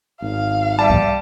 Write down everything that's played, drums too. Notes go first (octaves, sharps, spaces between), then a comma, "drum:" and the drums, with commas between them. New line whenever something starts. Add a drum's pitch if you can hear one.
G#1 F5
G3 A5
drum: kick C2